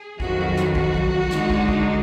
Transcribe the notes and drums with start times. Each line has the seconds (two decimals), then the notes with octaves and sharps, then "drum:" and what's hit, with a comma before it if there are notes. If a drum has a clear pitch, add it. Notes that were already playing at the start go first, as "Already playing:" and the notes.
Already playing: G#4
0.20 F2 D#3 F#3 F#4, drum: kick
0.57 drum: snare
0.75 F#4, drum: kick
0.94 drum: kick
1.31 D3 G#3 D#4, drum: snare
1.50 drum: kick
1.68 drum: kick